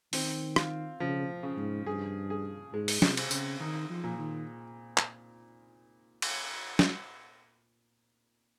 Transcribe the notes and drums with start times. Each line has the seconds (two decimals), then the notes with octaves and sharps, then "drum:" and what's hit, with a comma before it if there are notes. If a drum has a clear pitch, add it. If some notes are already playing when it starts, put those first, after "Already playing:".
0.13 D#3 C4, drum: open hi-hat
0.56 F4, drum: rim click
1.00 C#3 F3
1.43 C#3
1.57 G#2
1.86 G2 G#4
2.30 G#4
2.73 G#2 G#3
2.88 drum: open hi-hat
3.02 C3, drum: snare
3.17 C4, drum: cymbal
3.31 C#3, drum: tambourine
3.60 D#3 D#4
3.90 F3
4.03 A#2
4.19 D#3
4.97 drum: clap
6.22 drum: cymbal
6.79 drum: snare